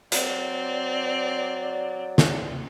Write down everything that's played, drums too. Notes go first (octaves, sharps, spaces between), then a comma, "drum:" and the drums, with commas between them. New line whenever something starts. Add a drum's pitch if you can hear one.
F#3 C4 D5, drum: hi-hat
drum: snare